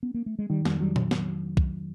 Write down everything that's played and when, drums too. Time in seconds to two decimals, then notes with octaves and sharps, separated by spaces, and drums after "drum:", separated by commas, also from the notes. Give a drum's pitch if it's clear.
0.03 B3
0.14 A#3
0.26 A3
0.39 G#3
0.50 D#3 G3
0.65 F2 G3, drum: snare
0.81 F#3 G3
0.96 drum: tom A#2
1.11 drum: snare
1.57 drum: kick